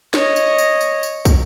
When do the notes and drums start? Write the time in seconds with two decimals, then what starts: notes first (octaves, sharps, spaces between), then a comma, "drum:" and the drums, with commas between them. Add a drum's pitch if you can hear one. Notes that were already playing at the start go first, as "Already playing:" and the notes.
0.14 C#5 D#5, drum: snare
0.36 drum: tambourine
0.58 drum: tambourine
0.81 drum: tambourine
1.03 drum: tambourine
1.25 drum: kick, tambourine